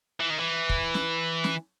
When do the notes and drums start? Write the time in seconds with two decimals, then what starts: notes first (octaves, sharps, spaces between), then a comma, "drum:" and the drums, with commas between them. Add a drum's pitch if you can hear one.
0.20 E3
0.30 D#3
0.40 E3
0.69 drum: kick
0.94 drum: snare
1.44 drum: snare